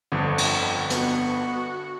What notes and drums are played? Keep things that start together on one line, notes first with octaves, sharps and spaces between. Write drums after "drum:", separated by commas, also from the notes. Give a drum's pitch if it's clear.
G1 F2 D3
drum: cymbal
B3 F#4, drum: hi-hat